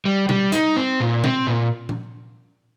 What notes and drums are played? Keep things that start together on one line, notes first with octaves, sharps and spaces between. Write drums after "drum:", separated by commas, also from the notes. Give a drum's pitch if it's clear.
G3
G3, drum: tom B2
D#4, drum: hi-hat
C4
A#2
C4, drum: tom B2
A#2
drum: tom A#2